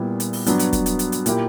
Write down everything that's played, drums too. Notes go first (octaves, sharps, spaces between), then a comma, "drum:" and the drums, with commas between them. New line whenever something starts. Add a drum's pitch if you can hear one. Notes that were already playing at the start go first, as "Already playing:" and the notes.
Already playing: A#2 G3 B3 E4
drum: hi-hat
drum: open hi-hat
G2 F#3 B3 D4, drum: hi-hat
drum: hi-hat
drum: kick, hi-hat
drum: hi-hat
drum: hi-hat
drum: hi-hat
A#2 A#3 E4 G4, drum: hi-hat